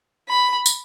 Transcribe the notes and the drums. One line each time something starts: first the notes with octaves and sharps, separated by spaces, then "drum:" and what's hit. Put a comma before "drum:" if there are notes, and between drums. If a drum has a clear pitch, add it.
B5
drum: tambourine